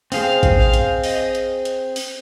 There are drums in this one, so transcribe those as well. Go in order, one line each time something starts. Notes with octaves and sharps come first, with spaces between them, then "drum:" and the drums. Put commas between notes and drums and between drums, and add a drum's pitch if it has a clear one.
C4 G#4 C5 F5, drum: open hi-hat
drum: kick, hi-hat
F5
drum: hi-hat
D#5, drum: open hi-hat
drum: hi-hat
drum: hi-hat
drum: open hi-hat